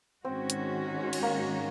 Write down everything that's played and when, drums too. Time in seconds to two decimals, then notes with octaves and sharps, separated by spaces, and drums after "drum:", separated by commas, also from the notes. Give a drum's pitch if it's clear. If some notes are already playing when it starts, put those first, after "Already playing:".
0.25 G#2 D#3 G#3 C4 C#4 F#4
0.50 drum: hi-hat
1.13 drum: cymbal
1.23 A#3